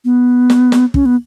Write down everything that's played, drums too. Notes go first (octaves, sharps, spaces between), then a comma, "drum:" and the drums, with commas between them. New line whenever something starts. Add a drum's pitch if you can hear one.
B3
drum: snare
drum: snare
C#4, drum: kick
B3